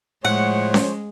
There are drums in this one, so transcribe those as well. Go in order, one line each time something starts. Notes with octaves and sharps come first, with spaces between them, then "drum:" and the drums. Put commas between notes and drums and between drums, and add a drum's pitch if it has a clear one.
A2 F3 G#3 A3 C5 C#5 F#5
drum: snare C#4